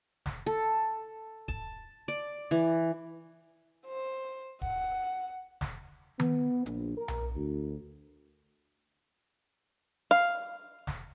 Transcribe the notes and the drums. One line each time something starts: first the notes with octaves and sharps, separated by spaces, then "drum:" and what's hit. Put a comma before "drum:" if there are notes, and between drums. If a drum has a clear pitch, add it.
drum: snare
A4
A5, drum: kick
D5
E3
C5
F#5, drum: kick
drum: snare
B3, drum: tom D#3
A#1, drum: hi-hat
A#4
drum: tom B1
D2
F5
drum: snare